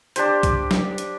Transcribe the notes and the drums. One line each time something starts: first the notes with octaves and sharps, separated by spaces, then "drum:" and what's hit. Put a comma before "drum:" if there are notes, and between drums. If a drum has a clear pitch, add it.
D4 G4 C5, drum: hi-hat
drum: kick C2, hi-hat
drum: snare
drum: hi-hat